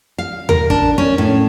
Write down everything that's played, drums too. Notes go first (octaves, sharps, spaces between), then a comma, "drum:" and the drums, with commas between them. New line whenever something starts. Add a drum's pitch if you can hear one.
F5
A#4, drum: tom D#2
D4, drum: kick
C#4
A2